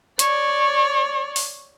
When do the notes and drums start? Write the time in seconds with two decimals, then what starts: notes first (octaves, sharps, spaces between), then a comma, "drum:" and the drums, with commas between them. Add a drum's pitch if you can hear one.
0.19 C#5 D5, drum: hi-hat
1.36 drum: open hi-hat